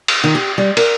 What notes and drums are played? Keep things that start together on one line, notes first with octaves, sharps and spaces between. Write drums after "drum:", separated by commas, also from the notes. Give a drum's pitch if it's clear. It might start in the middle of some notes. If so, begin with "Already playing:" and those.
drum: cymbal
D#3
G4
G3
A#4, drum: cymbal